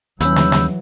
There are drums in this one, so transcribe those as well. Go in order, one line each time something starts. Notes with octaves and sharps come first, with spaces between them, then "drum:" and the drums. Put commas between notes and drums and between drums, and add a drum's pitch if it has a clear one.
D#2 E3 F#3 C#4 B5 E6 G6, drum: hi-hat
drum: snare
drum: snare